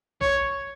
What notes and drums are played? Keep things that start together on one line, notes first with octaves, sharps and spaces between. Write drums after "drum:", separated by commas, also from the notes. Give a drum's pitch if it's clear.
C#5, drum: kick